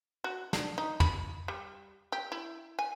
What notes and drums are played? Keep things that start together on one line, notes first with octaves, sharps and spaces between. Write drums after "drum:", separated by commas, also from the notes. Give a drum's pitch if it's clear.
F#4
D4, drum: snare
D#4
B5, drum: tom
G3
G4
E4
G#5